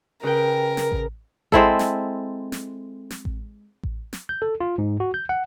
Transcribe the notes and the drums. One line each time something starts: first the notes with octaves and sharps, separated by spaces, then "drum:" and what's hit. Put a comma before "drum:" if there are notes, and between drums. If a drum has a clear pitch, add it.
C#3 A#4 B4 G5
drum: snare
drum: kick A1
G#3 C4 E4 A4, drum: kick A1
drum: snare
drum: snare
drum: snare
drum: kick A1
drum: kick A1
drum: snare
G6
A4
F4
G#2
F#4
G6
F#5